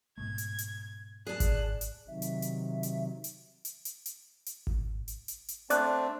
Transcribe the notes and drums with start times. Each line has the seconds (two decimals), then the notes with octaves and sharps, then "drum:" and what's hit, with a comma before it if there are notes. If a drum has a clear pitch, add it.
0.18 G#2 B2 A3 G#6
0.38 drum: hi-hat
0.58 drum: hi-hat
1.27 G#4 D5 A5 F#6
1.40 drum: kick G#1, hi-hat
1.81 drum: hi-hat
2.08 C3 D#3 F#3 E5
2.22 drum: hi-hat
2.42 drum: hi-hat
2.83 drum: hi-hat
3.24 drum: hi-hat
3.65 drum: hi-hat
3.85 drum: hi-hat
4.06 drum: hi-hat
4.46 drum: hi-hat
4.67 drum: kick G#1
5.08 drum: hi-hat
5.28 drum: hi-hat
5.48 drum: hi-hat
5.70 A3 C4 D4 D5 D6 F#6, drum: hi-hat